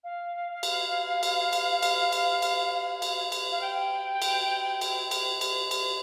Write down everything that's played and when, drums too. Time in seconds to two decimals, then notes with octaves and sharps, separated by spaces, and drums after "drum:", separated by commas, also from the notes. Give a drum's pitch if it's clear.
0.04 F5
0.63 drum: cymbal
1.23 drum: cymbal
1.53 drum: cymbal
1.83 drum: cymbal
2.12 drum: cymbal
2.42 drum: cymbal
3.02 drum: cymbal
3.32 drum: cymbal
3.52 F5
3.61 G5
4.22 drum: cymbal
4.81 drum: cymbal
5.11 drum: cymbal
5.41 drum: cymbal
5.71 drum: cymbal